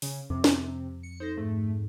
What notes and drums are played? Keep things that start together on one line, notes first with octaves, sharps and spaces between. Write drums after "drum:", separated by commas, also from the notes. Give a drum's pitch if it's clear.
C#3, drum: open hi-hat
F2 C3 D6
drum: snare
C#7
D#4 A4 C5 A#6
G#2 A3